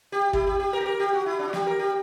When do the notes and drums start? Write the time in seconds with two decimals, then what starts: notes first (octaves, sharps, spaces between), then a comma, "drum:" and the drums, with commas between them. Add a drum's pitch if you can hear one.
0.12 G4
0.33 E4, drum: kick
0.47 G4
0.60 G4
0.73 A#4
0.80 G4
0.86 A#4
1.00 G4
1.13 F#4
1.26 E4
1.39 D4
1.48 F#4
1.53 G4, drum: snare
1.67 A#4
1.79 G4